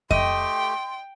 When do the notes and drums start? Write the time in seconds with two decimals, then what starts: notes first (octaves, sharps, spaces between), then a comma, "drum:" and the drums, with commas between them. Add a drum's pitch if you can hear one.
0.11 A3 G4 D#5 G5 C6, drum: kick F2